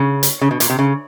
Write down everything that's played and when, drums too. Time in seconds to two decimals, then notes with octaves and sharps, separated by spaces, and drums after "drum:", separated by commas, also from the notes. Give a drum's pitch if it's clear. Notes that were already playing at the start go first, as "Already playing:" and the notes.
Already playing: C#3
0.23 drum: hi-hat
0.41 C#3
0.51 B2
0.60 A#2, drum: hi-hat
0.70 C3
0.79 C#3